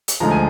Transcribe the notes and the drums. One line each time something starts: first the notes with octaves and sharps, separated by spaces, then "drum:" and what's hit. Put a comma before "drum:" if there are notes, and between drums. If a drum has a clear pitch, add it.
drum: hi-hat
D2 D3 F3 G#3 A#5
G#5